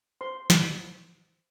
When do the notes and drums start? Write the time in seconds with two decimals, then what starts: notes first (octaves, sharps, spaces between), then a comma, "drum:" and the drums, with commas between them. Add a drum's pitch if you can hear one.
0.21 C5 C6
0.50 drum: snare